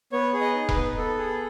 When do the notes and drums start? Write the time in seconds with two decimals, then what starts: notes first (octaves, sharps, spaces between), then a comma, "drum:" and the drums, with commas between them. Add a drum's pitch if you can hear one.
0.12 B3 C#5
0.33 G#4
0.41 D#5
0.55 D#4
0.69 B4, drum: kick E1
0.76 B3
0.97 B3 A4
1.18 G#4